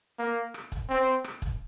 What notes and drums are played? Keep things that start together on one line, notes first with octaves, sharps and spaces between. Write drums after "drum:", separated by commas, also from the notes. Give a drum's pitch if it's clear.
A#3
drum: rim click
drum: kick, hi-hat
C4
drum: hi-hat
drum: rim click
drum: kick, hi-hat